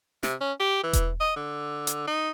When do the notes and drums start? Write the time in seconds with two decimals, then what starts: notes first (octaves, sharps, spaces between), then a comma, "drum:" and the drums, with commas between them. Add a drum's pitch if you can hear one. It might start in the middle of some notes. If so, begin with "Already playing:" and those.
0.23 C3, drum: snare
0.41 C#4
0.60 G4
0.83 E3
0.93 drum: kick E1, hi-hat
1.20 D#5
1.36 D3
1.87 drum: hi-hat
2.07 D#4